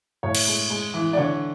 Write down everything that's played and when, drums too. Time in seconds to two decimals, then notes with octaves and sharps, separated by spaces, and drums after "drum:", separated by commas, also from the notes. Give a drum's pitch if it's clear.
0.23 A2 C#5
0.35 drum: cymbal
0.47 G#3
0.70 G#3
0.94 E3
1.13 D5
1.17 D3 C#5